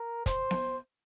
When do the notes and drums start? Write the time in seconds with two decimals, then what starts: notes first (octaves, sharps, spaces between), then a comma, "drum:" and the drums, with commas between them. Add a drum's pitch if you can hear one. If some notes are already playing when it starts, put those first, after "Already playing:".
Already playing: A#4
0.26 C5, drum: kick, hi-hat
0.51 drum: snare B3